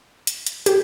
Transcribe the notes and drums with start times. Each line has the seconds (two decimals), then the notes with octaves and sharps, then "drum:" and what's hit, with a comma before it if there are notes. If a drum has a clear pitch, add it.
0.27 drum: hi-hat
0.47 drum: hi-hat
0.66 G4, drum: hi-hat